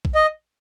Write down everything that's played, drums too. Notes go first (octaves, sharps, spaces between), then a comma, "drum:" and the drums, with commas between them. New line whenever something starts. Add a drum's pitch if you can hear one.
drum: kick
D#5